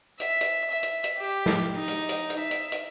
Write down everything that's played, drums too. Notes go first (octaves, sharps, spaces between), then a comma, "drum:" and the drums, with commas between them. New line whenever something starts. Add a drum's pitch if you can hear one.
E5, drum: hi-hat
drum: hi-hat
E5
drum: hi-hat
drum: hi-hat
G4
drum: snare
D#4
drum: hi-hat
drum: hi-hat
drum: hi-hat
E5
drum: hi-hat
drum: hi-hat